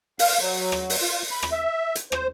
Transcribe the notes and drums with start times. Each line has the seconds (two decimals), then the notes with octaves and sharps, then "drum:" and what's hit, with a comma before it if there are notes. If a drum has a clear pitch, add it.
0.19 F5, drum: open hi-hat
0.41 F#3
0.72 drum: rim click
0.90 drum: open hi-hat
1.02 F4
1.31 B5
1.42 drum: rim click
1.52 E5
1.95 drum: hi-hat
2.12 C5, drum: rim click